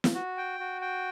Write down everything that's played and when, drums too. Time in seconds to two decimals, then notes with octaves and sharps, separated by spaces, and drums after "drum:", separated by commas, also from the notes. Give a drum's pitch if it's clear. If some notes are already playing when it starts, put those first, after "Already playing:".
0.04 drum: snare
0.15 F#4
0.37 G5
0.60 F#4
0.81 G5